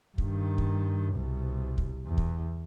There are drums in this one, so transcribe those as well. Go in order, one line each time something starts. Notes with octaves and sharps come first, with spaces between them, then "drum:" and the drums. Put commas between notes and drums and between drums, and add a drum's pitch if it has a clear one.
G2 D#3, drum: kick
drum: kick
C2 B2
drum: kick
E2
drum: kick